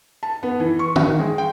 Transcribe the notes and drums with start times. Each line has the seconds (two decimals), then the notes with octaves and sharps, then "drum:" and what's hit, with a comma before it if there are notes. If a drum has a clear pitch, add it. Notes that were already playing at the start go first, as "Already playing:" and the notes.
0.23 A5
0.43 B3
0.60 E3
0.79 C#6
0.96 D#3, drum: tom
1.19 G#3
1.38 G5